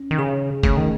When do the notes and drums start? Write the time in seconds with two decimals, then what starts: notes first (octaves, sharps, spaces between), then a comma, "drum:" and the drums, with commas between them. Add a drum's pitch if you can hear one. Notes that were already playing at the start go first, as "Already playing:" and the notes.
Already playing: C#4
0.11 D#3
0.19 C#3 G#4
0.63 C#3 A3, drum: kick, hi-hat
0.77 D#3